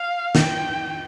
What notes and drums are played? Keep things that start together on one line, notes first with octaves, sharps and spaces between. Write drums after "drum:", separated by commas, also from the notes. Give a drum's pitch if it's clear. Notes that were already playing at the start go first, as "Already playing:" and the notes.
Already playing: F5
G5, drum: snare